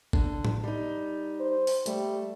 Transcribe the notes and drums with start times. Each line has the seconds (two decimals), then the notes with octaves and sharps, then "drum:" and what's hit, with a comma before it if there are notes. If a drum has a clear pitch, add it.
0.13 D3, drum: kick G#1
0.45 drum: tom A2
0.64 G3 D#4
1.41 C5
1.67 drum: open hi-hat
1.86 G3 A3, drum: hi-hat